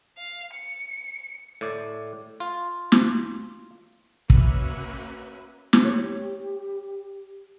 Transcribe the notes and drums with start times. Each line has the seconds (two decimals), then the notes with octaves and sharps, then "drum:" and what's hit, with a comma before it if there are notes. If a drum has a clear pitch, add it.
0.18 F5
0.53 C#7
1.61 A2 D5
2.40 F4
2.92 drum: snare
4.30 A#3 C#4 F#4 B4 E5, drum: kick
5.73 drum: snare
5.85 G4 C#5